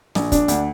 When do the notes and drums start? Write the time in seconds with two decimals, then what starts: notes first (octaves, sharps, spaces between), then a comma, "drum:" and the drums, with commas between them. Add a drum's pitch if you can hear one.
0.15 A#1, drum: snare
0.32 D4, drum: kick, hi-hat
0.48 D2, drum: hi-hat